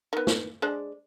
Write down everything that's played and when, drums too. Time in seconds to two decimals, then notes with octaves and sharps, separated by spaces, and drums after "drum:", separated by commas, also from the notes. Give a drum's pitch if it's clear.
0.13 D#3 B3
0.27 drum: snare
0.62 G#3 D4 C5